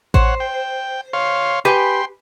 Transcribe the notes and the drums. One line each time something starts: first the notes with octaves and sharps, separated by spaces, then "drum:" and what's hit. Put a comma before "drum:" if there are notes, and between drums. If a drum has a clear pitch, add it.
C5 C#5 F#5, drum: kick A1
G5
C#5 F5 C6
G4 B4 G5 G#5 C6